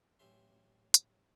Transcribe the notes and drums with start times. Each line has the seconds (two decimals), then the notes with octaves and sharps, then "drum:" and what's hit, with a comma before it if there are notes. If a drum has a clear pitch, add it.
0.19 A1 F#3 C#4 G4 E5 C6
0.94 drum: hi-hat